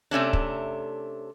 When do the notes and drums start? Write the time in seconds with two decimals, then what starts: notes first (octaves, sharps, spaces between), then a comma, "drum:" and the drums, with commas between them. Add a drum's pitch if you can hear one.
0.11 C3 A3 C#4 D4
0.33 drum: kick